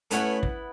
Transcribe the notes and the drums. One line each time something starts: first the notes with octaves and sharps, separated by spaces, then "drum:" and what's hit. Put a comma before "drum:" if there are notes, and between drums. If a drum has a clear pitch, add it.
A3 B3 C#4 E4 B4 F#5, drum: hi-hat
drum: kick